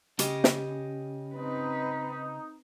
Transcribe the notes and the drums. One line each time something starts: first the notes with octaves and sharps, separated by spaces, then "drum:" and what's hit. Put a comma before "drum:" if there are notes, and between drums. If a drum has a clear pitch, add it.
C#3 C#4 G4 D#5, drum: hi-hat
drum: snare
C4 D#4 B4